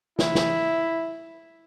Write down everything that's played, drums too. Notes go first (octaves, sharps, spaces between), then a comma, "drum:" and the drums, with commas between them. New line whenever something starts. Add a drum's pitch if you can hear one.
E4, drum: snare
drum: snare